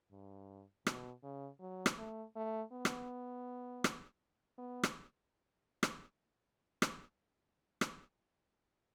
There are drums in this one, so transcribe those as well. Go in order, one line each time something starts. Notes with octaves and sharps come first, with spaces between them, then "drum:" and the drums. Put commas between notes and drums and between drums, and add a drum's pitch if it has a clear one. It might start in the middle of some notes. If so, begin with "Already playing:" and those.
G2
B2, drum: rim click
C#3
F#3
drum: rim click
A3
A3
B3
drum: rim click
drum: rim click
B3
drum: rim click
drum: rim click
drum: rim click
drum: rim click